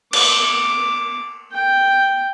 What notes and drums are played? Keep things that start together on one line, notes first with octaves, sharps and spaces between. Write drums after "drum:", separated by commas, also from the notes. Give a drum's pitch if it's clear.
D6, drum: cymbal
G5